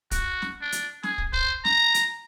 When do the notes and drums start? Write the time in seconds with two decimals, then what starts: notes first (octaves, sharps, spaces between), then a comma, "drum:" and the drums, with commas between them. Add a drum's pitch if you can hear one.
0.11 F#4, drum: kick, hi-hat
0.42 drum: snare
0.61 D4
0.72 drum: hi-hat
1.03 G#4, drum: snare
1.18 drum: kick
1.33 C5, drum: kick
1.65 A#5, drum: snare
1.94 drum: hi-hat